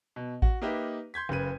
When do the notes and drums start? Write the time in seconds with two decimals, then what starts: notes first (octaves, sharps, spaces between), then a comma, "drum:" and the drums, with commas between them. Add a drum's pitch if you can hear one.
0.16 B2
0.42 F#4, drum: kick A1
0.62 A#3 D#4 G4 B4 E5
1.14 C6 G6 G#6 B6
1.29 F#1 C#3 B4 D#7